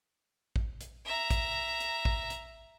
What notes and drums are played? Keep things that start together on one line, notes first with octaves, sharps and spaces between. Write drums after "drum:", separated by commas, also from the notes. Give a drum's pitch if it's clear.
drum: kick
drum: hi-hat
E5 A#5
drum: kick, hi-hat
drum: hi-hat
drum: kick
drum: hi-hat